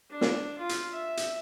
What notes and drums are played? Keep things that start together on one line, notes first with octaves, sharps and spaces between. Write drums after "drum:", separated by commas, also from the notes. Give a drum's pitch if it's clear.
D4
drum: snare
F4
drum: hi-hat
E5
drum: hi-hat